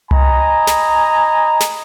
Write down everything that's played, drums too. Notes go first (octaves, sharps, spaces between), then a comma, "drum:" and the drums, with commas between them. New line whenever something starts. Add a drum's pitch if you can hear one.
D#5 G#5 A#5 B5, drum: tom C2
drum: snare
drum: snare